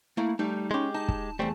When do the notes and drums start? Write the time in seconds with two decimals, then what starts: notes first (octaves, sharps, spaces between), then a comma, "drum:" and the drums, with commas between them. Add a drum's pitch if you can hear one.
0.17 A3 A#3 E4
0.39 G3 A3 D#4
0.71 G#3 C#4 G4 C6
0.94 D#4 A5
1.08 drum: kick
1.39 E2 G3 A3 C4